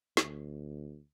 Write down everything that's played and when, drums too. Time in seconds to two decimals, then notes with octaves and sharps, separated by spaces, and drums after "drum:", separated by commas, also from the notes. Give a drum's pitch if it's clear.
0.17 D2, drum: snare